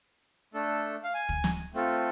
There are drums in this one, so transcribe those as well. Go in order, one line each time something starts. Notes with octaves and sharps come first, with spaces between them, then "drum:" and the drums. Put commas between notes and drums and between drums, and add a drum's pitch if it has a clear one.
A3 D4 A4
F5
G#5
drum: kick
drum: snare
A3 C4 F4 A4